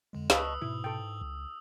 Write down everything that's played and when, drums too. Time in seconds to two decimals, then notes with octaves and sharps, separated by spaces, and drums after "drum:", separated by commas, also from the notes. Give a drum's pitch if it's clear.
0.13 F2 D3 G#3
0.30 C#2 B4 D#5 A5 C#6 D#6 E6, drum: snare
0.62 G#2 B2 E4
0.84 A4 G5
1.21 C#2